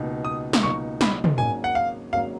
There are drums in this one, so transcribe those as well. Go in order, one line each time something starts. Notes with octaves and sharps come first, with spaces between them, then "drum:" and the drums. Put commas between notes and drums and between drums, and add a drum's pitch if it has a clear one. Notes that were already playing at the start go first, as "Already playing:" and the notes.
Already playing: C#2 B2 A#3 D#4
D#6
drum: snare
C#2 B2 A#3 D#4 C#6
B5, drum: snare
drum: tom
G#1 G#2 F#3 A#3 C#4 G#5
F#5
F5
G#1 G#2 F#3 A#3 C#4 F5